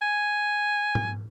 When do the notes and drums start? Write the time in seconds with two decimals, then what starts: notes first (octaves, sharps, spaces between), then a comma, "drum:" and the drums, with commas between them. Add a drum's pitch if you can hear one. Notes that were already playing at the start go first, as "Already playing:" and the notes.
0.02 G#5
0.95 drum: tom G#2